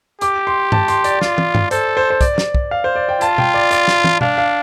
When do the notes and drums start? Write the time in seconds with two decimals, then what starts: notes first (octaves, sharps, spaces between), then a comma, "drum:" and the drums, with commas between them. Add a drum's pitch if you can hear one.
0.21 G4 D6, drum: hi-hat
0.47 C6
0.72 A5, drum: tom G2
0.88 C6, drum: hi-hat
1.04 D5, drum: hi-hat
1.21 F4, drum: snare
1.38 drum: tom
1.55 drum: tom G2
1.71 A4 C5, drum: hi-hat
1.97 C5
2.10 C5
2.21 D5, drum: kick, hi-hat
2.38 drum: snare
2.55 drum: kick
2.71 F5
2.84 C5
2.96 D5
3.09 G5
3.21 F4 A5, drum: hi-hat
3.38 G5, drum: tom B2
3.54 D5
3.71 D5, drum: hi-hat
3.88 drum: snare
4.04 drum: tom
4.21 D4 F5, drum: tom B2
4.38 F5